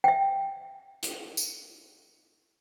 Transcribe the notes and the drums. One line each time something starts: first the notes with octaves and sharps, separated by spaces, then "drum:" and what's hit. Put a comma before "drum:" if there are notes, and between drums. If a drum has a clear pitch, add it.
E5 G5
drum: hi-hat
drum: tambourine